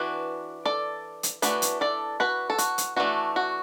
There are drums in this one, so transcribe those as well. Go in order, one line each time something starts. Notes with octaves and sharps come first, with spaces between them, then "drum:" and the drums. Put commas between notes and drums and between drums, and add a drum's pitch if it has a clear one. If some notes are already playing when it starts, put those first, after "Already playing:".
Already playing: E3 D4 F#4 B4
A4 D5
drum: hi-hat
E3 A3 D4 F#4 B4, drum: hi-hat
drum: hi-hat
A4 D5
F#4 B4
A4
F#4, drum: hi-hat
drum: hi-hat
E3 A3 D4 F#4
F#4